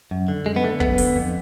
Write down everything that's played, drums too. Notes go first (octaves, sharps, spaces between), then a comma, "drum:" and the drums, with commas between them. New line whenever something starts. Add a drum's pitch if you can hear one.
F#2
D3
F#2 G#3
B3
D3 A3
F#2 B3, drum: kick
D3, drum: open hi-hat
F2